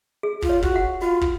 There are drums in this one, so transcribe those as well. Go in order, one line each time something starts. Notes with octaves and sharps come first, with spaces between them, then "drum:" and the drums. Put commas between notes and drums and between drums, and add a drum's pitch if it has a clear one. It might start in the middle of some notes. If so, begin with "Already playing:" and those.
G#4
F4, drum: kick
C#5
F#4, drum: kick
F#5
F4 F#4
drum: kick